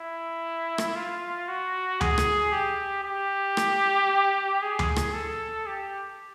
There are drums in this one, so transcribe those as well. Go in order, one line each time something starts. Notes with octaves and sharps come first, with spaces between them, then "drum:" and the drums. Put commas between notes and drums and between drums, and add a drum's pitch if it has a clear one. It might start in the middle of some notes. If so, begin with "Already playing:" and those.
Already playing: E4
drum: rim click
F4
F#4
G#4, drum: tom D2
drum: rim click
G4
G4
drum: rim click
G#4
drum: tom D2
drum: rim click
A4
G4